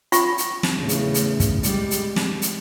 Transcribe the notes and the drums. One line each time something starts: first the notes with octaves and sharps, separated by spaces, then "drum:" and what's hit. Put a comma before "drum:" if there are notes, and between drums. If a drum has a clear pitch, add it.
F4 C#6, drum: hi-hat
drum: hi-hat
drum: snare
E2 A2 C#3
drum: hi-hat
drum: hi-hat
drum: kick, hi-hat
G3 G#3, drum: hi-hat
drum: hi-hat
drum: snare
drum: hi-hat